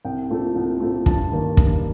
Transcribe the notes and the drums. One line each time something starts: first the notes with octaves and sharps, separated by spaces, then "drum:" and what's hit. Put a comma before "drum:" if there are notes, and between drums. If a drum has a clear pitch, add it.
C2 G5
A#2 F3 A3
C2
A#2 F3 A3
G2 A5, drum: kick
D#3 G3 A#3
G2, drum: kick